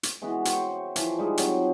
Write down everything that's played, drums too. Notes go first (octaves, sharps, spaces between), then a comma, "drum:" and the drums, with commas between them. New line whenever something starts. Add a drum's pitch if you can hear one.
drum: hi-hat
E3 G#3 B3 F#4
C5 C#5 G5 C#6, drum: hi-hat
E3 F3, drum: hi-hat
G3 G#3 D#4
F3 F#3 C4, drum: hi-hat